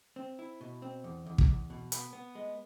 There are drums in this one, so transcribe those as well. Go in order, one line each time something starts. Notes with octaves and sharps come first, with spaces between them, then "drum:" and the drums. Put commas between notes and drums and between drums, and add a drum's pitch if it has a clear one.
C4
E4
B2
C4
E2
E2
drum: kick
E2
B2
B3, drum: hi-hat
B3
G#3